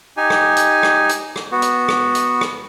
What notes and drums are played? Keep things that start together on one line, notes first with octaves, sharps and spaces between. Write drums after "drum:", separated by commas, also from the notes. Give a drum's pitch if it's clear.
D#4 G4 G#5
drum: rim click
drum: hi-hat
drum: rim click
drum: hi-hat
drum: rim click
B3 F#4
drum: hi-hat
drum: rim click
drum: hi-hat
drum: rim click